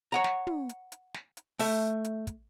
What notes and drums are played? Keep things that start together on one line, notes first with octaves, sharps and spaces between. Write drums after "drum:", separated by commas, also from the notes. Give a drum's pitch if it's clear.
C#5 F#5 A#5
drum: snare
drum: tom
drum: hi-hat
drum: hi-hat
drum: snare
drum: hi-hat
A3 E5, drum: open hi-hat
drum: hi-hat
drum: kick, hi-hat